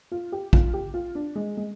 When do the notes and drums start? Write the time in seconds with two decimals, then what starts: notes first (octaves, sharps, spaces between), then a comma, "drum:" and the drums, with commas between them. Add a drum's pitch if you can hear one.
0.12 F4
0.32 G4
0.53 F4, drum: kick
0.74 G4
0.94 F4
1.15 D4
1.35 G#3
1.57 G#3